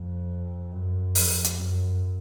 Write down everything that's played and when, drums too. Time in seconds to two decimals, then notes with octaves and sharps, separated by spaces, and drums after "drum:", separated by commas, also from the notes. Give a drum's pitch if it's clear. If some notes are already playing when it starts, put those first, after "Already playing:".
Already playing: F2
0.72 F#2
1.15 F2, drum: open hi-hat
1.44 drum: hi-hat
1.58 F#2